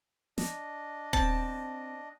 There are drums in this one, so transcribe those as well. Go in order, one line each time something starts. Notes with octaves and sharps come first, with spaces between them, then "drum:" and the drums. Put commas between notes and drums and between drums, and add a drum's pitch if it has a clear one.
D4 D#5, drum: snare
C4 A5, drum: kick D#1